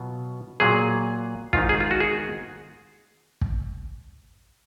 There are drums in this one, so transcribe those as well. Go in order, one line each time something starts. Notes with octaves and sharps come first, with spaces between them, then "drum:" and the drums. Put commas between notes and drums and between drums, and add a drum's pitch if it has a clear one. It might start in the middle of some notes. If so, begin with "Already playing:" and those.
Already playing: B2 F#3 B3 F4
A#2 F#3 A#3 G#4
G#2 D#3 G#3 D#4 F4, drum: kick
G#4
F4
F#4
G#4
drum: kick